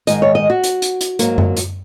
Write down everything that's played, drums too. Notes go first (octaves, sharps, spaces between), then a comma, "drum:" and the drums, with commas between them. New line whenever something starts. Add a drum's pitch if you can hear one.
G#2 D#3 G#3 D#5, drum: hi-hat
C#5
D#5
F#4
drum: hi-hat
drum: hi-hat
drum: hi-hat
G#2 F#3 A#3, drum: hi-hat
drum: tom F#2
drum: hi-hat